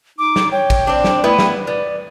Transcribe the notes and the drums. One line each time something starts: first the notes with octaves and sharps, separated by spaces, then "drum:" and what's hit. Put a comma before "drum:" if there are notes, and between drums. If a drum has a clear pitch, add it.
D#4 D6
drum: snare
C#5 G5
drum: kick A1, cymbal
C4 D4 D6
drum: snare
A3 B3 E4 B4
drum: snare
B3 D5